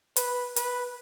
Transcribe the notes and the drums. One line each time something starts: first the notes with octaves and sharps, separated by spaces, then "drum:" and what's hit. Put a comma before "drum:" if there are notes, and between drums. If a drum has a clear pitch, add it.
B4, drum: hi-hat
B4, drum: hi-hat